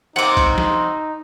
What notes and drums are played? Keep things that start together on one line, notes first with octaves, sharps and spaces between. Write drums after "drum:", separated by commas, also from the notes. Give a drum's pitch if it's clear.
C3 A#3 C4 D#4 F#5 D6
drum: kick, hi-hat
drum: snare